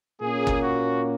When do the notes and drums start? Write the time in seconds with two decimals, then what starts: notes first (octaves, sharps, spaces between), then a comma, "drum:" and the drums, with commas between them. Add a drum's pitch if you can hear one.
0.21 A#2 A#3 C#4 G#4
0.47 drum: kick
0.60 F#4